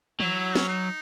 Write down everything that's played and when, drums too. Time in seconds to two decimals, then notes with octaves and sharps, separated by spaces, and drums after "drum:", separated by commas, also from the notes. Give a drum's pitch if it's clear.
0.20 F#3 E4, drum: tom E3
0.55 C#4, drum: snare
0.68 D#4